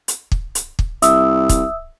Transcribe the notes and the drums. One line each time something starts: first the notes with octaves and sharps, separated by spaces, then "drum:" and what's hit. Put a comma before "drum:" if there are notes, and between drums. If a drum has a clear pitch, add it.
drum: hi-hat
drum: kick
drum: hi-hat
drum: kick
C2 E5 D#6 E6, drum: hi-hat
drum: kick, hi-hat